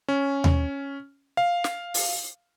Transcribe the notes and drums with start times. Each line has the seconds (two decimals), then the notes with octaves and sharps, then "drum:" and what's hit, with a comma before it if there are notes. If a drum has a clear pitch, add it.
0.08 C#4
0.44 drum: tom D#2
1.37 F5
1.64 drum: snare
1.94 drum: open hi-hat